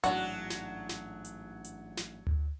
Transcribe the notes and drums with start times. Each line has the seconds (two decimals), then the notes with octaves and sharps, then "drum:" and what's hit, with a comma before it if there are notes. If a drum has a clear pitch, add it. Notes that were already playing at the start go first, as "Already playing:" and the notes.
0.04 A1 G#2 F#3 D4 F#4, drum: hi-hat
0.50 drum: snare
0.89 drum: snare
1.25 drum: hi-hat
1.64 drum: hi-hat
1.97 drum: snare
2.27 drum: tom D2